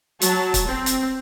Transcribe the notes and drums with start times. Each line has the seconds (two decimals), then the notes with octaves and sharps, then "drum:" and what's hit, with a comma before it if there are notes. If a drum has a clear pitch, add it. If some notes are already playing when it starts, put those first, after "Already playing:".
0.22 F#3 A5, drum: hi-hat
0.54 drum: kick, hi-hat
0.67 C4
0.86 drum: hi-hat